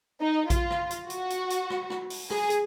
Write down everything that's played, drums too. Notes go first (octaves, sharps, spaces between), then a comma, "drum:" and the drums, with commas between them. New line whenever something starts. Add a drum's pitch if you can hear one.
D#4
F4, drum: kick A#1, hi-hat
drum: rim click
drum: hi-hat
F#4, drum: hi-hat
drum: hi-hat
drum: hi-hat
drum: rim click
drum: rim click
drum: open hi-hat
G#4, drum: rim click
drum: hi-hat